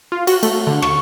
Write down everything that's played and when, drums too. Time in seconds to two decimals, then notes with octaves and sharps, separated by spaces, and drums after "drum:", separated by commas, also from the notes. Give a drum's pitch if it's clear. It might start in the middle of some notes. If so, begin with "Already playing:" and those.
0.12 F4
0.27 F#4, drum: cymbal
0.43 A3, drum: cymbal
0.67 D3
0.82 C#6, drum: rim click